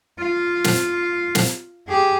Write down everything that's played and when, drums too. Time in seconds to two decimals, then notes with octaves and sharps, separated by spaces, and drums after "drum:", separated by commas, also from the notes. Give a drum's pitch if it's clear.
0.19 F4
0.64 drum: snare
1.35 drum: snare
1.88 G4 G#4